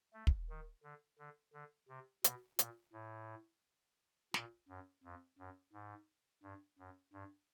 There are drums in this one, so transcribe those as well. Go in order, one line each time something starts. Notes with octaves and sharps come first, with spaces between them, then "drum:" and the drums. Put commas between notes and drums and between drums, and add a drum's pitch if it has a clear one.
A3
drum: kick
D#3
D3
D3
D3
C3
B2, drum: hi-hat
A#2, drum: hi-hat
A2
A#2, drum: snare
F#2
F2
F#2
G#2
G2
F#2
G2